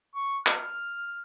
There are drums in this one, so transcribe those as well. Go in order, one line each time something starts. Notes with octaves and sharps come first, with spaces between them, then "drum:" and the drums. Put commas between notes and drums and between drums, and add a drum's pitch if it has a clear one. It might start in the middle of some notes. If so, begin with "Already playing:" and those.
C#6
F6, drum: clap